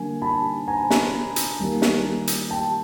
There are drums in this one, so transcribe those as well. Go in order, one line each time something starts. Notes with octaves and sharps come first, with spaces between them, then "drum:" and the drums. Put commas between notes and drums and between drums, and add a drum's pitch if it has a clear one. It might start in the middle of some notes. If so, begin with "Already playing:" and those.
Already playing: D3 G3 A#3 G#5
A5 B5
G#5 A#5
drum: snare
drum: hi-hat
D#3 G3 A#3
drum: snare
drum: hi-hat
G5 A5